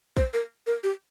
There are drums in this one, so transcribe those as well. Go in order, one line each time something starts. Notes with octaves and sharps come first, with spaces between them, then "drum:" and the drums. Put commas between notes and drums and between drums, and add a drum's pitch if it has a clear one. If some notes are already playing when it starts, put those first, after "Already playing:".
C5, drum: kick A#1
A#4
A#4
G4